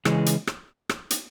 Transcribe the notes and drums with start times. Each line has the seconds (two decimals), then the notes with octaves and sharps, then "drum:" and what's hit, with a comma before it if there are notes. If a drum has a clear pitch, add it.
0.05 C#3 E3 G#3 C#4, drum: rim click
0.26 drum: hi-hat
0.47 drum: rim click
0.89 drum: rim click
1.10 drum: hi-hat